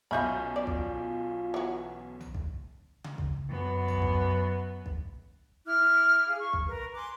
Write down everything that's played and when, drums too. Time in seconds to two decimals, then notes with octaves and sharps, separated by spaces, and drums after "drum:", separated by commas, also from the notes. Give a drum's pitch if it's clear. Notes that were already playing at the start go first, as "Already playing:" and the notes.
0.11 B1 C#4 F4 D#5 E5 A#5 B5 G6
0.56 F4 D5
0.67 drum: kick
1.54 E3 F#3
2.21 drum: tom B1
2.35 drum: kick
3.04 drum: tom C#3
3.18 drum: kick
3.49 F#2 B3
3.88 drum: tom B1
4.02 drum: kick
4.86 drum: kick
5.66 E4 D6 F6 F#6
6.26 G#4 F5
6.40 C#6
6.53 drum: kick
6.67 A#4 B4
6.95 G#5 C6 D6 F#6